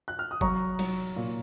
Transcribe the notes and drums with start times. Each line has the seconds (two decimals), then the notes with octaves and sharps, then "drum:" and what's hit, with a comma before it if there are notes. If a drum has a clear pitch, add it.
0.08 F#6
0.19 F6
0.31 D#6
0.41 F#3 A#5 C#6, drum: kick G1
0.79 F#3, drum: cymbal
1.16 A#2